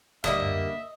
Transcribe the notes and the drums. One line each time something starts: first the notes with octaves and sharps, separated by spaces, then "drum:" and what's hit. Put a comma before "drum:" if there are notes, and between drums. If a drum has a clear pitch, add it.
D3 G3 A#3 D#5 E5, drum: kick D2
drum: tom F#2